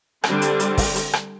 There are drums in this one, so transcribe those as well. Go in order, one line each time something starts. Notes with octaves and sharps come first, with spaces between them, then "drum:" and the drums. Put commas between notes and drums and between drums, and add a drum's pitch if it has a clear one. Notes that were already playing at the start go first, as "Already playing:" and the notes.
D3 G3 C4 D4, drum: rim click
drum: hi-hat
drum: hi-hat
drum: kick, open hi-hat
drum: hi-hat
drum: rim click